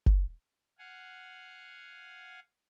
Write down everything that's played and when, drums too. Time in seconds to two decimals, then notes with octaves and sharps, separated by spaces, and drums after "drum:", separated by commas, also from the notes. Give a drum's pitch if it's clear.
0.06 drum: kick F#1
0.79 F5 F#5 G#5